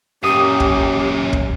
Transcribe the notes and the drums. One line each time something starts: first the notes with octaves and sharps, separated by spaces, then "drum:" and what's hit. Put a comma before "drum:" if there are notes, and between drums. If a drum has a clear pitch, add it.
F#2 A#2 C#4 G4 D#6
drum: kick
drum: kick